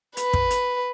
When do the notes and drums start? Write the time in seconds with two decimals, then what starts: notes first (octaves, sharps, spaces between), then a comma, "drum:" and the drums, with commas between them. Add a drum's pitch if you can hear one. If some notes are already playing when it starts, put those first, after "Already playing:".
0.17 B4, drum: hi-hat
0.33 drum: kick
0.50 drum: hi-hat